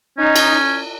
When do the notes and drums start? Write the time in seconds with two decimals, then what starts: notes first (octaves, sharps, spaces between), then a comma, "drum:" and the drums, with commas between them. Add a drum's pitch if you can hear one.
0.18 C#4 D#4
0.36 drum: cymbal